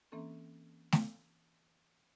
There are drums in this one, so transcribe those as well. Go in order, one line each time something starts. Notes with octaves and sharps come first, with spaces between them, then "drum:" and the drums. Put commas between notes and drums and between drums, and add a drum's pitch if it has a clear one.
E3 A#3 C4 C#4 A4
drum: snare A3